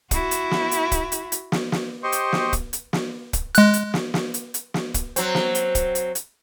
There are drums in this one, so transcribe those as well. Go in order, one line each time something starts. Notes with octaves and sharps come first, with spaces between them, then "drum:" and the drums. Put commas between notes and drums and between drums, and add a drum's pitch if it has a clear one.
E4 F#4, drum: kick, hi-hat
drum: hi-hat
drum: snare
drum: hi-hat
drum: kick, hi-hat
drum: hi-hat
drum: hi-hat
drum: snare
drum: snare
G4 C5 D#5 C6 C#6
drum: hi-hat
drum: snare
drum: kick, hi-hat
drum: hi-hat
drum: snare
drum: kick, hi-hat
G#3 F#6, drum: hi-hat
drum: hi-hat
drum: snare
drum: snare
drum: hi-hat
drum: hi-hat
drum: snare
drum: kick, hi-hat
F#3 C4, drum: hi-hat
drum: snare
drum: hi-hat
drum: kick, hi-hat
drum: hi-hat
drum: hi-hat